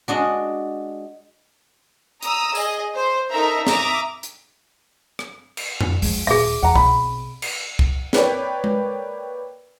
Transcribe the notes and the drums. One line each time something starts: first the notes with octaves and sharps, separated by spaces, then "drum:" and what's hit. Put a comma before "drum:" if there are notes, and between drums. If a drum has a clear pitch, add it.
G#3 D4 F#4
A#5 D#6 E6, drum: hi-hat
G#4 D#5, drum: tambourine
C5
D#4 A4 A#4 E5 A#5
E5 A#5 D6 D#6, drum: snare
drum: hi-hat
drum: rim click
drum: cymbal
drum: tom F2
F3 G#3, drum: open hi-hat
D#1 G#4 E5, drum: open hi-hat
E2 F#5 A#5
B1 C4 B5, drum: kick
drum: cymbal
drum: kick
A#3 B4 C#5 D5 G5, drum: snare
drum: tom G#3